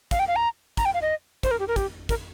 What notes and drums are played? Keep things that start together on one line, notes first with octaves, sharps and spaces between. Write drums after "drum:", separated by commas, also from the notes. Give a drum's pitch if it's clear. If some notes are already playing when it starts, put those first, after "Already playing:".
F5, drum: kick, hi-hat
G5
F5
A#5
A#5, drum: kick, hi-hat
G5
F5
D#5
C5, drum: kick, hi-hat
A#4
G4
A#4
G4, drum: kick, hi-hat
A#4, drum: kick, hi-hat